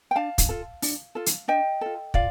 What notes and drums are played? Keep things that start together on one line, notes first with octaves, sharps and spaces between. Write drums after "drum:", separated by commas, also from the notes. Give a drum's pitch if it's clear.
G5
D4 F5 A5
drum: kick, hi-hat
F4 A4
D4, drum: open hi-hat
F4 A4
drum: hi-hat
D4 D#5 G5
F4 A4
F4 D5 F5, drum: kick